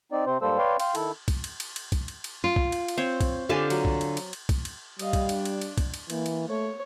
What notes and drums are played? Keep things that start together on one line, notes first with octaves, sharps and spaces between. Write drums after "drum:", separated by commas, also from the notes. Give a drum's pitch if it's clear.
C4 D#4 D5
C3 C4 C5
G#2 G3 A#3 A4 C5 E6
B4 C#5 D5 F5 G5 C6
F5 G5 C6, drum: cymbal
D#3 E4 A4, drum: cymbal
drum: kick, cymbal
drum: cymbal
drum: cymbal
drum: cymbal
drum: kick, cymbal
drum: cymbal
drum: cymbal
F4
drum: kick
drum: cymbal
drum: cymbal
C4 C5 C#5
drum: kick, cymbal
D3 F4 G4 F5 G#5 A5
F#3, drum: cymbal
drum: kick
drum: cymbal
drum: cymbal
drum: cymbal
drum: kick, cymbal
drum: cymbal
G3 D#5 F5, drum: cymbal
drum: kick, cymbal
D4, drum: cymbal
drum: cymbal
drum: cymbal
drum: kick, cymbal
drum: cymbal
E3 A#3, drum: cymbal
drum: cymbal
A3 C#5